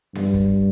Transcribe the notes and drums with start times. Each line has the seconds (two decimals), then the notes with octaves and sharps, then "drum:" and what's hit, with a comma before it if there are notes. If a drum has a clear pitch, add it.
0.15 G2, drum: snare B3
0.34 drum: kick